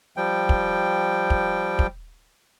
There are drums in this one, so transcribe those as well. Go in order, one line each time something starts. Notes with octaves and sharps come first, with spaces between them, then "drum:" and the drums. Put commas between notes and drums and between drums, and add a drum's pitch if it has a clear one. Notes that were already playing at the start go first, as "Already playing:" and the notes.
F3 G3 G5
drum: kick
drum: kick
drum: kick